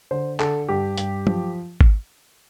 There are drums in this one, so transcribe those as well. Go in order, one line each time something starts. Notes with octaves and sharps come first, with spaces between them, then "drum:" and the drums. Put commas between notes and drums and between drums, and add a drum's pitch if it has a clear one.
D3 C5
D3 A4, drum: clap
G2 G4
G2, drum: hi-hat
F3, drum: tom F#3
drum: kick G#1